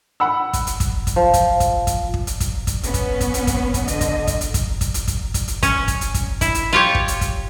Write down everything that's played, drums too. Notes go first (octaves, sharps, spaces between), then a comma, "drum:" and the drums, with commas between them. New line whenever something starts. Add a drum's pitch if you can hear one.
F#5 B5 E6
drum: kick, hi-hat
drum: hi-hat
drum: kick, hi-hat
drum: kick, hi-hat
F3
drum: kick, hi-hat
drum: kick, hi-hat
drum: kick, hi-hat
drum: kick
drum: hi-hat
drum: kick, hi-hat
drum: kick, hi-hat
B3 C#4, drum: hi-hat
drum: kick, hi-hat
drum: kick, hi-hat
drum: hi-hat
drum: kick, hi-hat
drum: kick, hi-hat
D3 D#5, drum: hi-hat
drum: kick, hi-hat
drum: kick, hi-hat
drum: hi-hat
drum: kick, hi-hat
drum: kick, hi-hat
drum: hi-hat
drum: kick, hi-hat
drum: kick, hi-hat
drum: hi-hat
C#4, drum: kick, hi-hat
drum: kick, hi-hat
drum: hi-hat
drum: kick, hi-hat
E4, drum: kick, hi-hat
drum: hi-hat
F4 G4 C#5
drum: kick
drum: hi-hat
drum: kick, hi-hat